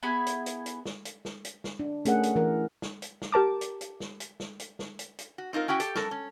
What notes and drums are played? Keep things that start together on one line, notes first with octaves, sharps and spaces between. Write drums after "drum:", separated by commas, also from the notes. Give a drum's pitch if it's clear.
B3 E4 G#4 B5
drum: hi-hat
drum: hi-hat
drum: hi-hat
drum: snare
drum: hi-hat
drum: snare
drum: hi-hat
drum: snare
D4
A3 C#4 G#4 A#4 F#5, drum: hi-hat
drum: hi-hat
E3 A#4
drum: snare
drum: hi-hat
drum: snare
G4 A#4 A5 D6
drum: hi-hat
drum: hi-hat
drum: snare
drum: hi-hat
drum: snare
drum: hi-hat
drum: snare
drum: hi-hat
drum: hi-hat
F#4
C4 D#4 F4 A#4
C#4 E4 F#4 G5
G4 A4, drum: hi-hat
F#2 A4 A#4, drum: snare
C#4